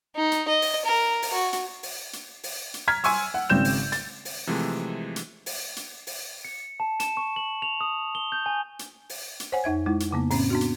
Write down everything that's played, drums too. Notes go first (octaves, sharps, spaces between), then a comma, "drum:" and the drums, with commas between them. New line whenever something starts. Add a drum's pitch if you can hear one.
D#4
drum: hi-hat
D#5
drum: open hi-hat
A#4
drum: open hi-hat
F#4
drum: hi-hat
drum: open hi-hat
drum: hi-hat
drum: open hi-hat
drum: hi-hat
A#5 F6 G#6 B6
G#5 C6 C#6 E6, drum: open hi-hat
F#5
G#1 C#3 C4 G6 E7
drum: open hi-hat
A6, drum: hi-hat
drum: open hi-hat
C3 E3 F3 G#3 A3
drum: hi-hat
drum: open hi-hat
drum: hi-hat
drum: open hi-hat
C#7
A5
E7, drum: hi-hat
C#6
F#7
F7
D#6
G7
G6
G#5
drum: hi-hat
drum: open hi-hat
drum: hi-hat
C5 C#5 F#5 G#5
F2 D#4 E5 G#6
G#3 D#4 E4
drum: hi-hat
F2 C#3 A#3 B3
A2 C4 C#4, drum: open hi-hat
B3 D4 F#4
drum: hi-hat